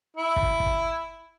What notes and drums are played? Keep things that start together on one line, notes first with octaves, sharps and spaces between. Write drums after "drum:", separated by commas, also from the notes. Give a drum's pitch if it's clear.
E4
drum: kick
drum: kick